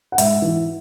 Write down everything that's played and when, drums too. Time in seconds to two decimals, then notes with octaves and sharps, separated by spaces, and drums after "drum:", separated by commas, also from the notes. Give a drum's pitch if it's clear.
0.12 F#5
0.18 G#2 E5, drum: hi-hat
0.42 E3